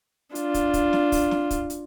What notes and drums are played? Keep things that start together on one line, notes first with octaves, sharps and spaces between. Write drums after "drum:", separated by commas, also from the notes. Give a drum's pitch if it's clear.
D4 F4, drum: hi-hat
drum: kick, hi-hat
drum: kick, hi-hat
drum: snare
drum: kick, open hi-hat
drum: snare
drum: kick, hi-hat
drum: hi-hat